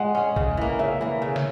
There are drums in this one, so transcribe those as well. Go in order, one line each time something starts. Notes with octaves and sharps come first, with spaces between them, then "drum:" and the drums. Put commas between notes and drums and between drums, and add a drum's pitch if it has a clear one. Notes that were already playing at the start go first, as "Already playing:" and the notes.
Already playing: G#3 F#5
C#4 G#4
C#3, drum: kick
E3 A#3
C#3 E5
E3 A#3
C#3
drum: snare